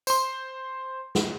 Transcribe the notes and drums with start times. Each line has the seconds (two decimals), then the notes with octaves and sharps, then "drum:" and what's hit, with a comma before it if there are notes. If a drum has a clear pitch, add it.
0.07 C5 C6, drum: tambourine
1.15 drum: snare